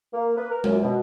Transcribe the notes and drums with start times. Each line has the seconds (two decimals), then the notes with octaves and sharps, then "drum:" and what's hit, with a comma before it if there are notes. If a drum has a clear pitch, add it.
0.13 A#3
0.37 B4
0.50 A#4
0.64 F#2, drum: tom G#3
0.83 B2